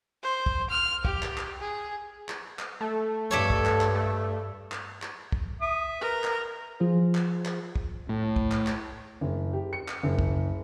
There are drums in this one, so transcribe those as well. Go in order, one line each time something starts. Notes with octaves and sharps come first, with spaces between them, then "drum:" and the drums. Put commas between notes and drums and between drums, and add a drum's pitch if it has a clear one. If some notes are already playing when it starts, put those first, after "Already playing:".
C5
drum: kick
F6
G4, drum: kick
drum: clap
drum: clap
G#4
drum: clap
drum: clap
A3
G2 G4 A4 C#5
drum: kick
drum: clap
drum: clap
A3
drum: clap
drum: clap
drum: kick
E5 D#6
A#4 B4
drum: clap
F3 F4 G#4 C5
drum: clap
drum: clap
drum: kick
A2
drum: kick
drum: clap
drum: clap
F#1
G4
C#7
drum: clap
F#1
drum: kick